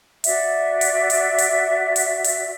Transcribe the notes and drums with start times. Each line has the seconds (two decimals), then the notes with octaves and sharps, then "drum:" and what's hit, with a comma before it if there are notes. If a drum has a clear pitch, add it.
0.24 F#4 D5 E5, drum: hi-hat
0.81 drum: hi-hat
1.10 drum: hi-hat
1.38 drum: hi-hat
1.96 drum: hi-hat
2.24 drum: hi-hat